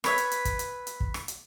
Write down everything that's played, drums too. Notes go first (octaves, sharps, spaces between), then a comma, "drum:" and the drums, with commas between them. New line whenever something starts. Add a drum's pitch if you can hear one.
B4 C#5 E5, drum: rim click
drum: hi-hat
drum: hi-hat
drum: kick, hi-hat
drum: hi-hat
drum: hi-hat
drum: kick
drum: rim click
drum: hi-hat